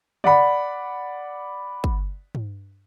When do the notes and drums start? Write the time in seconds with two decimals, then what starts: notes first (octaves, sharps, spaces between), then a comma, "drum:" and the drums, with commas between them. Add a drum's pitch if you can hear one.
0.24 D5 F#5 B5, drum: tom
1.84 drum: kick
2.35 drum: tom